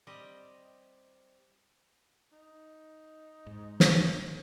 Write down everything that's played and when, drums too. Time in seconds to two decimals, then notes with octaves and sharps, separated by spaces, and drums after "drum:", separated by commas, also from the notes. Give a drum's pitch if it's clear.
0.07 G3 C4 G4 D#5
2.33 D#4
3.47 G#2
3.80 drum: snare